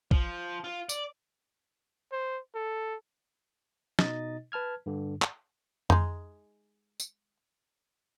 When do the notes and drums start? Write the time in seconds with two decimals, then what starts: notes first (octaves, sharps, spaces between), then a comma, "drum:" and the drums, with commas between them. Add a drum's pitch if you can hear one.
0.11 F3, drum: kick
0.64 F4
0.89 D5, drum: tambourine
2.12 C5
2.55 A4
3.99 B2 D#4 D#5 A6, drum: snare
4.52 B4 A5 F6 G#6
4.86 G2 D3
5.22 drum: clap
5.90 G#3 D#4, drum: tom F2
7.00 drum: tambourine